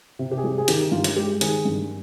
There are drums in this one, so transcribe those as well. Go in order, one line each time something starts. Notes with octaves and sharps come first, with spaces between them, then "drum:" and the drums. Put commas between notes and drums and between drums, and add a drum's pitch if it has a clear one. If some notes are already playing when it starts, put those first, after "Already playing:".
C3
G4
G#4
G3 G4
G#4
D#3 G4, drum: hi-hat
G2 F4
drum: hi-hat
G#3 G4
D#3 G#4, drum: hi-hat
G2